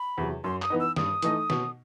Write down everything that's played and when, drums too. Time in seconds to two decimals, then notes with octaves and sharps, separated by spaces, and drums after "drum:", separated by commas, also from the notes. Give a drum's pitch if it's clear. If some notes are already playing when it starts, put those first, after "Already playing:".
Already playing: B5
0.18 E2 C3 F#3
0.44 F#2 C6
0.62 D#6, drum: clap
0.70 E3 B3 D#4
0.80 E6
0.96 G2 D#6, drum: snare
1.22 E3 A3 D#4, drum: hi-hat
1.50 B2, drum: snare